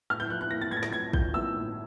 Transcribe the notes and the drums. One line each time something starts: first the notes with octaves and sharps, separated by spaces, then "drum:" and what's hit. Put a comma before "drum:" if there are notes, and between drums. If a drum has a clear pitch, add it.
A2 F6
G6
F3 F#6
F#6
A#3 A#6
A6
A2 G#6
A6
A#6, drum: snare
A2 G#6
F3 G6, drum: kick
A#3 E6
A2